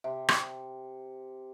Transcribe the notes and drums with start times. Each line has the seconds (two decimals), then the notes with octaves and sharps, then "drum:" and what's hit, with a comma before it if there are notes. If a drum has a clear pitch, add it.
0.04 C3 E5
0.28 drum: rim click